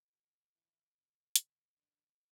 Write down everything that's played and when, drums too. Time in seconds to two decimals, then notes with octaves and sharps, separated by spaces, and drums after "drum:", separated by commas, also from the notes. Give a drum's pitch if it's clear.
0.13 A2 E3 F#4
0.54 A2 E3 E4
0.95 E2 B2 D4
1.36 E2 B2 C#4, drum: hi-hat
1.76 F#2 D3 D4